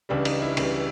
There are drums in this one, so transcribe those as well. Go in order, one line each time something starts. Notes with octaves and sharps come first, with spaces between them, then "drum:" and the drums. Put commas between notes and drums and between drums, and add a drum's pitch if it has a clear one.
C#2 C#3 E3 G3 D4
D#4, drum: cymbal
E4
C#2 C#3 E3 G3, drum: cymbal